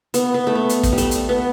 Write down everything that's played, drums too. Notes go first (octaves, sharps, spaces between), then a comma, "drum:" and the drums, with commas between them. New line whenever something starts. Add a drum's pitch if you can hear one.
B3, drum: hi-hat
B3
A3
B3
drum: hi-hat
drum: kick, hi-hat
G3
A3, drum: hi-hat
drum: hi-hat
B3